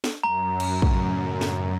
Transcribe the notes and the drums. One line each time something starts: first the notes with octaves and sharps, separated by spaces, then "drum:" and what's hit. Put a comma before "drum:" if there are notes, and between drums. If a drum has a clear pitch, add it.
drum: snare
F#2 A#5
drum: cymbal
A2 C#3 F#3, drum: kick
drum: snare